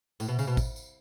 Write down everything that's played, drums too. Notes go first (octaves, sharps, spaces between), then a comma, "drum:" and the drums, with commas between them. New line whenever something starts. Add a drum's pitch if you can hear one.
A2, drum: tambourine
B2
C#3, drum: tambourine
B2
drum: kick, tambourine
drum: tambourine